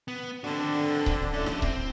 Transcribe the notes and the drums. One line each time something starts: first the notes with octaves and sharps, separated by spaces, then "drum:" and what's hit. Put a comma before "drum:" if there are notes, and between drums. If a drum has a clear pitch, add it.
B3
D3 C4 D4 F#4
drum: kick C#1
C#4 E4
drum: snare
C4, drum: kick C#1